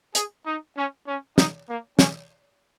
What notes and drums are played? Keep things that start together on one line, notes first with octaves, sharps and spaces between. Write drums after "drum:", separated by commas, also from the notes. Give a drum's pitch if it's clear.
G#4, drum: hi-hat
D#4
C#4
C#4
D#4, drum: snare
A#3
C#4, drum: snare